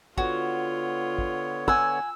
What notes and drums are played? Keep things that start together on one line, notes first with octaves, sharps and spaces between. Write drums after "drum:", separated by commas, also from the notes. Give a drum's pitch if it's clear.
D3 B3 F4 F#4 C#5, drum: kick
drum: kick
F#5 G#5 E6, drum: kick